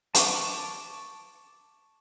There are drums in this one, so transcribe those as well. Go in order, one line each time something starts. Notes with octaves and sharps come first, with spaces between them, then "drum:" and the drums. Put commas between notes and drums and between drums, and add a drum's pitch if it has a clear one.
A5 C#6 D6, drum: hi-hat